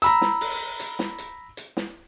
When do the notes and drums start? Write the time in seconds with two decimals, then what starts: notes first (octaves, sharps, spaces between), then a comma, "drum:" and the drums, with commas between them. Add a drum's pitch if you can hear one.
0.02 A#5 B5 E6, drum: hi-hat
0.21 drum: snare
0.41 drum: open hi-hat
0.80 drum: hi-hat
0.99 drum: snare
1.18 drum: hi-hat
1.57 drum: hi-hat
1.77 drum: snare